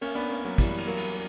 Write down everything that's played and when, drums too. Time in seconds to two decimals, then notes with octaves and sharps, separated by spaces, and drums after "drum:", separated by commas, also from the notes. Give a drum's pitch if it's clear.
0.01 A#3 C#4, drum: cymbal
0.15 B3 D4
0.30 A#3 C#4
0.45 F#3 A#3
0.58 E3 G3, drum: kick, cymbal
0.78 drum: cymbal
0.87 F#3 A#3
0.97 drum: cymbal